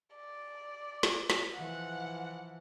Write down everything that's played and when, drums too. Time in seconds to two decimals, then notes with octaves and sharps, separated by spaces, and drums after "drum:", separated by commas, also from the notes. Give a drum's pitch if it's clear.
0.15 D5
1.03 drum: snare
1.30 drum: snare
1.56 E3 F3 F#5